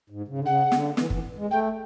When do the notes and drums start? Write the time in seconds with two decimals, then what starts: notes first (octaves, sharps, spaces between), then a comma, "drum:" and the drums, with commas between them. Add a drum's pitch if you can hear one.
0.10 G#2
0.28 C#3
0.38 D3
0.45 C#3 F#5
0.72 D3, drum: snare
0.97 E3, drum: snare
1.10 E3, drum: kick
1.37 G#3
1.50 A3 G5